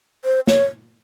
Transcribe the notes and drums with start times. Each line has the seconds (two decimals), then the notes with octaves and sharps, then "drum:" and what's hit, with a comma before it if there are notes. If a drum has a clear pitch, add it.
0.25 C5
0.47 C#5, drum: snare